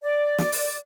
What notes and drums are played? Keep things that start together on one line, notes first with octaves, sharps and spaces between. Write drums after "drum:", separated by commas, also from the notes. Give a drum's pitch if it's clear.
D5
drum: snare
drum: open hi-hat